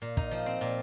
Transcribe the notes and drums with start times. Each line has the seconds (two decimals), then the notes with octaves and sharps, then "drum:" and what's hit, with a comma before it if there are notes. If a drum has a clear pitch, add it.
0.02 A#2
0.17 D#4, drum: kick
0.31 F3
0.46 C4
0.61 A#2